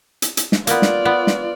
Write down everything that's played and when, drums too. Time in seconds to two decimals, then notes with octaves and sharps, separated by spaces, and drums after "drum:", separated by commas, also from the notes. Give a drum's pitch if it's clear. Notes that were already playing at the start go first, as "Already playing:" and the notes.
0.22 drum: hi-hat
0.37 drum: hi-hat
0.52 drum: snare
0.67 A#3 B3 F4 D5, drum: hi-hat
0.82 drum: snare
1.05 B3
1.27 drum: snare